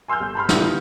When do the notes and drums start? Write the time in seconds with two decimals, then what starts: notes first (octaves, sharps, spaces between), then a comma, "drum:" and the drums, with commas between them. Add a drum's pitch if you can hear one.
0.08 G#5 C6 E6 F6 G6
0.20 G1
0.35 A5 B5 C6 F6
0.49 D#3 G3 B3 E4 F4, drum: snare